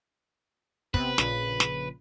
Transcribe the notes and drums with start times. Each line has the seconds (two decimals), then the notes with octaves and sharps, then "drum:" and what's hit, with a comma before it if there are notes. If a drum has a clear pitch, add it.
0.94 C3 B3 C4 B4, drum: kick
1.18 A#1 A#2 C#3, drum: snare
1.60 drum: snare